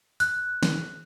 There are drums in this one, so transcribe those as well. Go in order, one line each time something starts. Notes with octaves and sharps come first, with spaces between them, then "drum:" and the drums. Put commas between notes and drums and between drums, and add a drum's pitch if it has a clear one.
F#6, drum: hi-hat
drum: snare